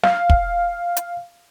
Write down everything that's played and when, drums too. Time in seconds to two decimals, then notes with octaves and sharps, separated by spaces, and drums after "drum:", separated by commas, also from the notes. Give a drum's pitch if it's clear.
0.03 F5, drum: snare
0.30 drum: kick
0.97 drum: hi-hat